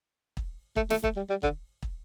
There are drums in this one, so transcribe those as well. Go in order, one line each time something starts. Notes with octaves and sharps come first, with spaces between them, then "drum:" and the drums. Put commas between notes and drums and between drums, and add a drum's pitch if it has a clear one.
drum: kick
A3, drum: kick
A3, drum: snare
A3, drum: kick
G3
G3
D3, drum: kick
drum: kick